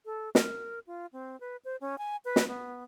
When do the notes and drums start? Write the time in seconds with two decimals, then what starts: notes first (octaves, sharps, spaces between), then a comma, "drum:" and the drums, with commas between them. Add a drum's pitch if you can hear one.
0.06 A4
0.35 A#4, drum: snare
0.87 F4
1.13 C4
1.40 B4
1.65 C5
1.81 C#4
1.98 G#5
2.25 B4
2.36 drum: snare
2.48 B3